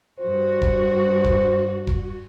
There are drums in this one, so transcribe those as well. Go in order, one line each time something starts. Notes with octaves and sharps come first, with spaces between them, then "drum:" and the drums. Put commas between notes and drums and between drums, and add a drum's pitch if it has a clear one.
G2 F#4 C5
drum: kick E1
drum: kick E1
drum: kick E1